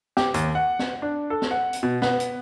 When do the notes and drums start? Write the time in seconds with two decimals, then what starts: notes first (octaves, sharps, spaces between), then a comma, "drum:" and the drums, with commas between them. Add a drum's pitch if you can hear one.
0.17 G4, drum: snare
0.34 D#2, drum: hi-hat
0.55 F#5
0.79 drum: snare
1.02 D4
1.30 A4
1.42 drum: snare
1.51 F#5
1.73 drum: hi-hat
1.83 B2
2.02 B3, drum: snare
2.20 drum: hi-hat